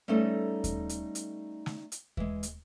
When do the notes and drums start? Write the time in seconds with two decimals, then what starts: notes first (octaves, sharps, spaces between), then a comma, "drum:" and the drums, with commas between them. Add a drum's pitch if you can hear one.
0.08 G3 A3 B3 C#4 D#4 A4
0.64 drum: kick D#2, hi-hat
0.89 drum: hi-hat
1.15 drum: hi-hat
1.66 drum: snare
1.92 drum: hi-hat
2.17 E3 G#3, drum: kick D#2
2.43 drum: hi-hat